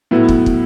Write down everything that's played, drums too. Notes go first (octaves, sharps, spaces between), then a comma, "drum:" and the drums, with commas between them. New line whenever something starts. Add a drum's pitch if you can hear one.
A2 F#3 B3 E4
drum: kick
drum: kick